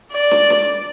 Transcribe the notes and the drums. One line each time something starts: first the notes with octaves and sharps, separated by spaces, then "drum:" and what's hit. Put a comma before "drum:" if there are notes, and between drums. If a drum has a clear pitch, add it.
D5
drum: snare
drum: snare